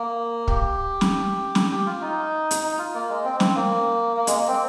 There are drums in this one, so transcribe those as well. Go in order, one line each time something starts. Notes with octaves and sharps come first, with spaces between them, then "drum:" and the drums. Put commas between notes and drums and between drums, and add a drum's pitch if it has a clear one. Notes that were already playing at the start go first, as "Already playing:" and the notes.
Already playing: A#3
G4, drum: kick
drum: snare
drum: snare
G4
F4
D#4
drum: hi-hat
D#4
F4
A#3
G#3
C4
C4, drum: snare
A#3
A#3
G#3, drum: hi-hat
A#3
C4